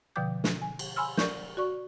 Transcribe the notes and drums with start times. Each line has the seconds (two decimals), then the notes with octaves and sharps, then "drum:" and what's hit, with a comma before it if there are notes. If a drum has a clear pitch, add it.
0.16 B2 D3 F3 G5 D6 G6
0.44 drum: snare
0.62 G#5
0.79 drum: cymbal
0.96 G#5 B5 C6 E6 F6
1.17 A#4 D5 C#6 G6, drum: snare
1.57 F#4 D5 C#6